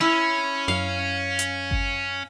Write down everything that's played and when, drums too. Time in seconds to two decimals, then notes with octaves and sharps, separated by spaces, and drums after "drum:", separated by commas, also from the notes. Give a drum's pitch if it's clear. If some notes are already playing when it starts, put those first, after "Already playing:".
0.01 C#4 E4
0.68 F#2 F5
1.39 drum: hi-hat
1.71 drum: kick G1